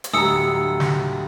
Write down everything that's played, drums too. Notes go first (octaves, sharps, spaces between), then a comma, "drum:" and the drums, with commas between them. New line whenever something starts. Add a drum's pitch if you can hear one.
drum: hi-hat
D1 G3 A#5 D#6 E6 C#7
drum: snare